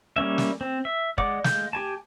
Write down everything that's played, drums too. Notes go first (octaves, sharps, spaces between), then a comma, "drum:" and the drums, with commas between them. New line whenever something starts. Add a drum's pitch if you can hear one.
G3 A#3 C#4 E5
drum: snare
C4
E5
G#3 D5 F#5 D6, drum: kick
G#3 F5 G6, drum: snare
G4 G#5 A5